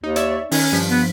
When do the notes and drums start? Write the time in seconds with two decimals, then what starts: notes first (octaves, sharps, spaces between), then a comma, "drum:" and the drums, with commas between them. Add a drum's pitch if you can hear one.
0.03 D#2 D#4
0.16 C#5 D5 E5, drum: hi-hat
0.52 D#3 C#4, drum: open hi-hat
0.72 G2 F3 B6
0.89 B3